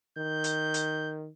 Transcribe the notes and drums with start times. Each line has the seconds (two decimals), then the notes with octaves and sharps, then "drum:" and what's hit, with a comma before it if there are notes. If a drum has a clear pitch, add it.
0.18 D#3 G6
0.44 drum: hi-hat
0.74 drum: hi-hat